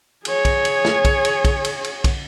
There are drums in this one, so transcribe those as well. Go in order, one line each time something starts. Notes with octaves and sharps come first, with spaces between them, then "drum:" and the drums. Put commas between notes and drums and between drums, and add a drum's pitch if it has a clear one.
G#4 C#5, drum: cymbal
drum: kick, cymbal
drum: cymbal
drum: snare
drum: kick, cymbal
drum: cymbal
drum: kick, cymbal
drum: cymbal
drum: cymbal
drum: kick, cymbal